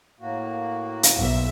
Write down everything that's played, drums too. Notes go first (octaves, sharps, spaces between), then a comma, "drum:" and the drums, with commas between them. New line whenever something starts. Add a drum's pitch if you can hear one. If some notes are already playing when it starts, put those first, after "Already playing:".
A2 A#3 F#4
drum: hi-hat
B1 E5